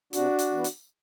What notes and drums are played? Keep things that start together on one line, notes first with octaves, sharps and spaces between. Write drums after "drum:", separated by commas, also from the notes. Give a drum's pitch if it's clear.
C3 D4 F#4, drum: hi-hat
drum: hi-hat
E3 B3
drum: hi-hat